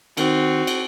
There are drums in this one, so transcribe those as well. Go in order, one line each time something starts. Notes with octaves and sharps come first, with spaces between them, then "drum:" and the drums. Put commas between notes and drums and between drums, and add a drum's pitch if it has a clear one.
D#3 C4 F#4, drum: cymbal
drum: cymbal